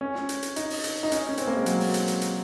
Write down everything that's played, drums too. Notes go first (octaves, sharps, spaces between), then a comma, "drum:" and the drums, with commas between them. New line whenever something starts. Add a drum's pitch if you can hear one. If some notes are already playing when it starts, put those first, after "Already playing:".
C#4
drum: snare
drum: hi-hat
drum: hi-hat
D#4, drum: hi-hat
drum: open hi-hat
drum: hi-hat
D#4
C#4, drum: hi-hat
C#4
C4, drum: hi-hat
A#3
G#3
F#3, drum: hi-hat
drum: open hi-hat
drum: hi-hat
drum: hi-hat
drum: hi-hat